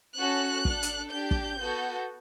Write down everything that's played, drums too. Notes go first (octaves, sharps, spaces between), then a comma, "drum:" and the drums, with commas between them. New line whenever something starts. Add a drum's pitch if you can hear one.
C#4 F#4 A4 F#6
D4 A4, drum: kick
drum: hi-hat
D4 G4 G6
drum: kick
B3 F#4 A4